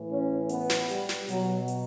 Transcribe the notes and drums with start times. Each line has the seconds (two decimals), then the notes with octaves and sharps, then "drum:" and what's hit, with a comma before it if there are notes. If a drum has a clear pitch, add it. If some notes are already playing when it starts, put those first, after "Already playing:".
Already playing: A2 E3
0.10 C#4
0.49 B3, drum: hi-hat
0.70 drum: snare
0.89 G3, drum: hi-hat
1.09 drum: snare
1.28 B2 F#3, drum: hi-hat
1.68 drum: hi-hat